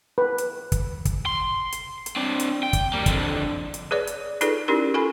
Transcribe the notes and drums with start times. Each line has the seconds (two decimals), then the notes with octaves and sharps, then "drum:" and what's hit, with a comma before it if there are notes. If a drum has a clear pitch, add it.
0.18 B4
0.38 drum: hi-hat
0.72 drum: kick, hi-hat
1.05 drum: kick, hi-hat
1.26 C6
1.72 drum: hi-hat
2.06 drum: hi-hat
2.16 C4 D4
2.40 drum: hi-hat
2.63 G5
2.73 drum: kick, hi-hat
2.93 G3 A#3
3.06 F2 D3, drum: kick, hi-hat
3.74 drum: hi-hat
3.91 G#4 B4 C#5 D5
4.07 drum: hi-hat
4.41 D#4 F4 G#4 A4 B4 D5, drum: hi-hat
4.68 C#4 D#4 E4 G4 A#4
4.94 F4 A4 G#5 B5